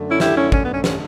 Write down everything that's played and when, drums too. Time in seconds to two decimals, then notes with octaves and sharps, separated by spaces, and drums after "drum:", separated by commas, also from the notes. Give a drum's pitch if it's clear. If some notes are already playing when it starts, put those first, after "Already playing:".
Already playing: F#2 D3 A3
0.09 C#4 E4
0.20 E4 G4, drum: snare
0.36 C#4 E4
0.52 C#4, drum: kick
0.63 B3
0.73 C#4
0.84 C#4, drum: snare